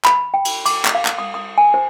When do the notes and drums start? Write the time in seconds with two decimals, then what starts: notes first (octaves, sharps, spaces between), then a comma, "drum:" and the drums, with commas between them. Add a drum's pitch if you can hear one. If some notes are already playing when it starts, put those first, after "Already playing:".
0.05 B5, drum: clap
0.34 G5
0.45 drum: cymbal
0.66 D6, drum: cymbal
0.85 drum: clap
0.95 F5
1.05 drum: clap
1.19 D#6
1.34 D#6
1.58 G#5
1.74 C5